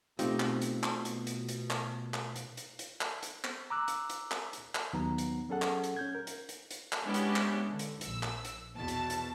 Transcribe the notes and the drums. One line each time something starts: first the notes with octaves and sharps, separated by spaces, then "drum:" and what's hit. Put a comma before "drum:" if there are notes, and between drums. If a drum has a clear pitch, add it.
B2 A3 C4 D#4 F4 G4, drum: hi-hat
drum: clap
drum: hi-hat
drum: clap
drum: hi-hat
drum: hi-hat
drum: hi-hat
drum: clap
drum: clap
drum: hi-hat
drum: hi-hat
drum: hi-hat
drum: clap
drum: hi-hat
drum: clap
A#5 D6 E6 F#6
drum: hi-hat
drum: hi-hat
drum: clap
drum: hi-hat
drum: clap
D#2 F#3 B3 D#4 A#5
drum: hi-hat
F#3 C#4 G#4 A4 F#5
drum: clap
drum: hi-hat
C#4 G6 G#6
A#4
drum: hi-hat
drum: hi-hat
drum: hi-hat
drum: clap
G#3 B3 C#4 D4 E4 G4
drum: hi-hat
drum: clap
D3
drum: hi-hat
A#1 E6, drum: hi-hat
drum: clap
drum: hi-hat
E2 B2 A5
drum: hi-hat
drum: hi-hat